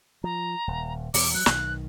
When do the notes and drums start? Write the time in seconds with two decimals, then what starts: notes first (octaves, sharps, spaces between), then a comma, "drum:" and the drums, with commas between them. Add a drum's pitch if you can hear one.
0.24 F3 A#5
0.68 D#1
1.14 E2 B2 D6, drum: open hi-hat
1.34 F#3 F#6
1.46 B1 D#3, drum: snare